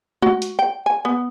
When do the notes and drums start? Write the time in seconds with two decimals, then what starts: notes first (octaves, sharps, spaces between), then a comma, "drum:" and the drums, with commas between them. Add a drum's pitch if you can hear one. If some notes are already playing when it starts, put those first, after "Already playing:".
0.22 F#4, drum: tom G#3
0.42 drum: hi-hat
0.59 G5
0.86 G#5
1.05 B3